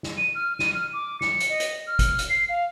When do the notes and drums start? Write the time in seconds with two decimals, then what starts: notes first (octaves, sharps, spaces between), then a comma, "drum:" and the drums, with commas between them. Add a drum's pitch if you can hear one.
0.03 drum: snare
0.17 D#7
0.35 F6
0.59 D#7, drum: snare
0.75 F6
0.93 D6
1.21 C#7, drum: snare
1.40 drum: hi-hat
1.49 D#5
1.60 drum: hi-hat
1.87 F6
1.99 drum: kick, hi-hat
2.19 drum: hi-hat
2.29 C7
2.49 F5